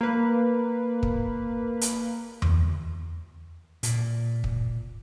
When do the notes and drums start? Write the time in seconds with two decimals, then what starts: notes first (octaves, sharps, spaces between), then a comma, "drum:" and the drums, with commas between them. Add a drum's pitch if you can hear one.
0.01 A#3 B4
1.03 drum: kick
1.81 drum: hi-hat
2.42 drum: tom E2
3.83 A#2, drum: hi-hat
4.44 drum: kick